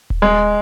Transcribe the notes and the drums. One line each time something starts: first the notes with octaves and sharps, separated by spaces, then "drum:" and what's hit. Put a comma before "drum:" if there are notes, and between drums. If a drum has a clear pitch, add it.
drum: kick D#1
G#3